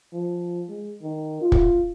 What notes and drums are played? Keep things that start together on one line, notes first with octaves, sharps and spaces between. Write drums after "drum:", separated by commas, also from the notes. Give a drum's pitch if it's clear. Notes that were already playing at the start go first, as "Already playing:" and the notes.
F3
G#3
D#3
F4
drum: kick